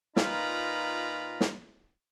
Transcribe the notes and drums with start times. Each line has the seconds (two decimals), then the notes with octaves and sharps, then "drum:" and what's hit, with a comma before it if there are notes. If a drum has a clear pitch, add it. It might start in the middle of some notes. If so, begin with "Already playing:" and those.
0.16 A#2 D#4 F4 B4 A#5 B5, drum: snare
1.41 drum: snare